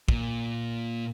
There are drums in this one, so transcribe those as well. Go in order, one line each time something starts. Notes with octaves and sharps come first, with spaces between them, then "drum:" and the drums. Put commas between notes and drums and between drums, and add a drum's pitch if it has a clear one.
A#2, drum: kick